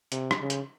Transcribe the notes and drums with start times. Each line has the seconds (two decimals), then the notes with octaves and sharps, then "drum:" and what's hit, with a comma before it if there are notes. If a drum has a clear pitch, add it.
0.12 C3, drum: hi-hat
0.31 drum: rim click
0.41 C#3
0.50 drum: hi-hat